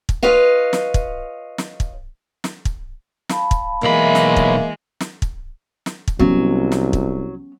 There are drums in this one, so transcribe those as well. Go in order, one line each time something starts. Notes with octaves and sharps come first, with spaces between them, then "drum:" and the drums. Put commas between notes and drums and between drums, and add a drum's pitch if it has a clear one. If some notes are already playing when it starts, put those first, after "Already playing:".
drum: kick
F4 B4 C#5 D#5 F5
drum: snare
drum: kick
drum: snare
drum: kick
drum: snare
drum: kick
F5 A5 B5, drum: snare
drum: kick
B1 E3 G#3 A#3 D#5 E5 B5
drum: snare
drum: kick
drum: snare
drum: kick
drum: snare
drum: kick
C2 F#3 B3 C#4
drum: snare
drum: kick